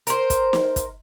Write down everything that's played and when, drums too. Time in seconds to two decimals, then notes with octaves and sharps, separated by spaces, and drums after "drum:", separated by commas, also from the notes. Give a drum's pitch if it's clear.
0.07 A#4 C5, drum: hi-hat
0.30 drum: kick, hi-hat
0.53 drum: snare
0.76 drum: kick, hi-hat